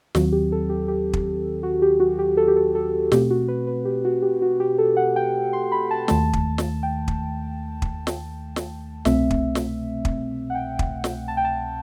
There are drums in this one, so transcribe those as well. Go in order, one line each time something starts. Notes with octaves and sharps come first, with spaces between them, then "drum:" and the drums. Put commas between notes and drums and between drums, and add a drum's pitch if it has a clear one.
D#2 D#3 F#3 C4 F#4, drum: snare
G4
A4
G4
G4
drum: kick
F#4
G4
F#4
G4
A4
G4
A4
A4
B2 A3 C4 G4, drum: snare
F#4
B4
B4
G4
F#4
G4
F#4
G4
A4
F#5
G5
C6
B5
A5
D#2 D#3 A3 A5, drum: snare
drum: kick
drum: snare
G5
drum: kick
drum: kick
drum: snare
drum: snare
C2 B2 A3 C4 E5, drum: snare
drum: kick
drum: snare
drum: kick
F#5
G5
drum: kick
drum: snare
A5
G5
A5